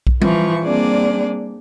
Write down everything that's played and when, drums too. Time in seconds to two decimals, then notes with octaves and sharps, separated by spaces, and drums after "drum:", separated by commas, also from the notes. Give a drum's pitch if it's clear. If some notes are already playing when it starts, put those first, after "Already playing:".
0.07 drum: kick B1
0.22 E3 F3 C#6, drum: tom G3
0.63 G3 A#3 C4 D4 G#4 D5